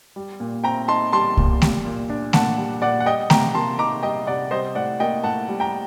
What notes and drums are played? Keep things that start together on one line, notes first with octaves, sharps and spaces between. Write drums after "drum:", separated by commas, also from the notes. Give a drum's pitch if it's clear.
G3
A#2
C4 G5 A#5
D#4 A5 C6
G3 A5 C6
A#2, drum: kick C2
G3, drum: snare A3
A#2
D4
A#2 F#5 A5, drum: snare A3
G3
A#2 D5 F#5
F#5
G3 D#5 G5
C3 G5 A#5, drum: snare A3
A#3 A5 C6
D#4 A#5 D6
G3 D#5 G5
C3 D5 F#5
G3 C5 D#5
A2 D5 F#5
A#3 D#5 G5
A2 F#5 A5
G3
G5 A#5